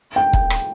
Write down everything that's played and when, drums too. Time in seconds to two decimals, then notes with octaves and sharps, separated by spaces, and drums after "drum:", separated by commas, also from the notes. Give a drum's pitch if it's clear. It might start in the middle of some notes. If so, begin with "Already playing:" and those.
0.16 G5
0.33 drum: kick
0.50 drum: rim click